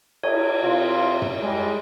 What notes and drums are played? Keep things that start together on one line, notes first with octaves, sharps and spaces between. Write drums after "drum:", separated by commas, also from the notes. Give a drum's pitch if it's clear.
C#5, drum: cymbal
C3 F4
drum: tom F#2
G3 G#3